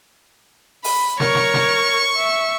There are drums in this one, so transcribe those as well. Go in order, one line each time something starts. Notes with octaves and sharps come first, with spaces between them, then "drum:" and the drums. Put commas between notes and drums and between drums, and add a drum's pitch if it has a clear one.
B5, drum: open hi-hat
A#4 C#5 C#6, drum: snare
drum: snare
drum: snare
E5